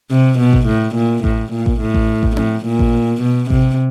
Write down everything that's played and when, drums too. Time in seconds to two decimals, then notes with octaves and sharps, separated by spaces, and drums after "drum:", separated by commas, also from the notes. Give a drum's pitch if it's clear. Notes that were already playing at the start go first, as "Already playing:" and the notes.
0.11 C3
0.39 B2
0.53 drum: kick A1
0.67 A2
0.95 A#2
1.24 A2, drum: kick A1
1.52 A#2
1.66 drum: kick A1
1.80 A2
1.94 drum: kick A1
2.23 drum: kick A1
2.37 A2, drum: tom C4
2.66 A#2
2.79 drum: kick A1
3.22 B2
3.50 C3, drum: kick A1